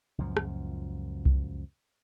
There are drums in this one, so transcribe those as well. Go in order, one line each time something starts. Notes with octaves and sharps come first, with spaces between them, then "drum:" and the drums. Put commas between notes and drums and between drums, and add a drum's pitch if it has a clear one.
C#2 F#2 A#2 F3
drum: rim click
drum: kick C2